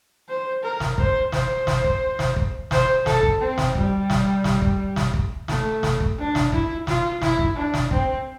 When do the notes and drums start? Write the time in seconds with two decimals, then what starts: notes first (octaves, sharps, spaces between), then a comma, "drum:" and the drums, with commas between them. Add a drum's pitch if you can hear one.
0.28 C5
0.63 A#4
0.80 drum: snare
0.98 C5, drum: kick
1.32 C5, drum: snare
1.67 drum: snare
1.84 drum: kick
2.19 drum: snare
2.36 drum: kick
2.71 C5, drum: snare
3.06 A4, drum: snare
3.23 drum: kick
3.40 C4
3.58 drum: snare
3.75 G3, drum: kick
4.10 drum: snare
4.44 drum: snare
4.62 drum: kick
4.96 drum: snare
5.14 drum: kick
5.48 A3, drum: snare
5.83 drum: snare
6.00 drum: kick
6.18 D4
6.35 drum: snare
6.52 E4, drum: kick
6.87 F4, drum: snare
7.22 E4, drum: snare
7.39 drum: kick
7.56 D4
7.74 drum: snare
7.91 C4, drum: kick